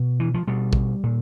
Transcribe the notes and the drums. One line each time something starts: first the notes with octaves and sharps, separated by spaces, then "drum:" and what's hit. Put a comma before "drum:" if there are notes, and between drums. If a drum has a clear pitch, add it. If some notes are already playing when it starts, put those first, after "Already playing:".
Already playing: B2
E3
F3
B2 G3
drum: kick A1
A#2